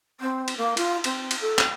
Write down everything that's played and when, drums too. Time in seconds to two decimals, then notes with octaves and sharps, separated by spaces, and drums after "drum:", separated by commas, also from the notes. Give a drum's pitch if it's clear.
0.20 C4
0.48 drum: cymbal
0.57 A#3
0.77 F4, drum: cymbal
1.04 C4, drum: cymbal
1.31 drum: cymbal
1.40 A4
1.58 drum: clap